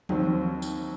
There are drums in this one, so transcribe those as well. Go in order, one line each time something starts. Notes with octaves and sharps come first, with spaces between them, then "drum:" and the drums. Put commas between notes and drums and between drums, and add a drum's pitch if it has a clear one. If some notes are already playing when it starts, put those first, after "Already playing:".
D#2 D#3 F#3 C4, drum: tom E3
drum: tambourine